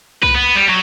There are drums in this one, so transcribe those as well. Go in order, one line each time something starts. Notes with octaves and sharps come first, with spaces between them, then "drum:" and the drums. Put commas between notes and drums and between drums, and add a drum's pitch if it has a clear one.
B4, drum: kick
B3
G3
F#3